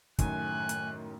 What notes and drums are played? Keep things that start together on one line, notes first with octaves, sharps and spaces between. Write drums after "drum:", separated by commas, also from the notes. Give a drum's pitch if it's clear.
F#2 A2 D#3 G#5 F#6, drum: kick, hi-hat
drum: hi-hat